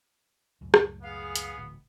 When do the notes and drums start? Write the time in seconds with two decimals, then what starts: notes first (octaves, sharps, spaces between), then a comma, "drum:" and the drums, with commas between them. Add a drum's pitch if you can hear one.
0.61 C#2 F#2 A2
0.74 drum: rim click
1.03 B3 G#4 F5
1.36 drum: hi-hat
1.56 D1 A1 D2